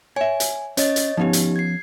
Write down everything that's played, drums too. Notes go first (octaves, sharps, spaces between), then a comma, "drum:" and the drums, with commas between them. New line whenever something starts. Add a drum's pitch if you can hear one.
C#5 E5 G#5
drum: hi-hat
C#4 C#5 D#5 A6, drum: hi-hat
drum: hi-hat
F3 B3 C#4 D#4 G4
drum: hi-hat
G#6 C7